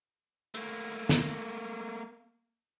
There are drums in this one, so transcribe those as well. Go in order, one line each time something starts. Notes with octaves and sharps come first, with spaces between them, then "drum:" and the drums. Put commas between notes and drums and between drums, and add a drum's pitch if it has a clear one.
A3 A#3, drum: hi-hat
drum: snare